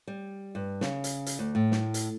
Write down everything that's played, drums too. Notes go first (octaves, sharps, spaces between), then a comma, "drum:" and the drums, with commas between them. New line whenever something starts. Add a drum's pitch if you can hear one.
G3
G2
C#3, drum: snare
drum: hi-hat
drum: hi-hat
D2
A2
drum: snare
drum: hi-hat